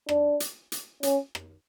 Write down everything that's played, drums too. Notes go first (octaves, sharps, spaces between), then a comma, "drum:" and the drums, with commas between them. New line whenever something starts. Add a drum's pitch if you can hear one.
D4, drum: rim click
drum: hi-hat
drum: hi-hat
C#4, drum: hi-hat
drum: rim click